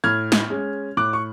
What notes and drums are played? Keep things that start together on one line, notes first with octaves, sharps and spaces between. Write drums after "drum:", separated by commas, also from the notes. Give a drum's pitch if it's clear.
A2 F6 G#6
drum: snare
G#3 C#4
A2 D6 F#6
C#6